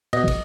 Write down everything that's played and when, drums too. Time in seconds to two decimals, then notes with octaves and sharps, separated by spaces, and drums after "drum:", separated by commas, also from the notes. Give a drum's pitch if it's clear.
0.13 B2 D#5, drum: cymbal
0.28 drum: kick, cymbal